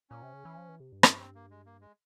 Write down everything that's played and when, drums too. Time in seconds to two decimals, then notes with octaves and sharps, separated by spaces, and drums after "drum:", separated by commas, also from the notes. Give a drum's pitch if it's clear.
0.10 A#2 C#4
0.22 C3
0.33 C#3
0.45 E3
0.57 F3
0.69 E3
0.80 C3
0.92 G2
1.03 E4, drum: rim click
1.19 C4
1.35 A#3
1.51 G#3
1.66 A#3
1.81 G#3